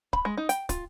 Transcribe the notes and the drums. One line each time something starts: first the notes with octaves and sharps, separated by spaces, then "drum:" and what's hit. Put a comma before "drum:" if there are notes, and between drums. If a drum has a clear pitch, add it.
B5, drum: kick
G#3
D#4
G5, drum: hi-hat
F4, drum: kick, hi-hat